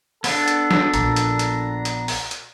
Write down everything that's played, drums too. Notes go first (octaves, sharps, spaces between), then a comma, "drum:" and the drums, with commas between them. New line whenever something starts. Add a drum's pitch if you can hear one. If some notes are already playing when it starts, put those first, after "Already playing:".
B3 D4 A4, drum: open hi-hat
drum: hi-hat
drum: snare
A#1 A#5, drum: hi-hat
drum: hi-hat
drum: hi-hat
drum: hi-hat
drum: open hi-hat
drum: hi-hat